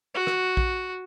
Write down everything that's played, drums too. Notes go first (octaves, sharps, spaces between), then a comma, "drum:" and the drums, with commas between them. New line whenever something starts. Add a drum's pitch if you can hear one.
F#4
drum: rim click
drum: kick A#1